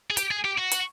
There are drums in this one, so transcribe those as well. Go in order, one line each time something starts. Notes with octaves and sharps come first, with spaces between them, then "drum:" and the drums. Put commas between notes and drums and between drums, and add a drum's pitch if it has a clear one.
G#4
G4, drum: hi-hat
G#4
G4
F#4
drum: hi-hat